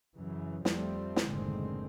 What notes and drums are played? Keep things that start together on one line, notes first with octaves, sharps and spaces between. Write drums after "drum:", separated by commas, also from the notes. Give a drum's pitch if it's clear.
F#2 C#3 E3
F2 F3 G3 A3 C4, drum: snare
drum: snare
F#1 A2 D3 D#3 G#3 C4